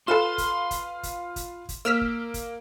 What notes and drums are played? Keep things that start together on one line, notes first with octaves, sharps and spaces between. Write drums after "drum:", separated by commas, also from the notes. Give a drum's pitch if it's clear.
F4 A4 B4 F5 C6 E7
drum: kick, hi-hat
drum: kick, hi-hat
drum: kick, hi-hat
drum: kick, hi-hat
drum: kick, hi-hat
A#3 E6 F6 B6
drum: kick
drum: kick, hi-hat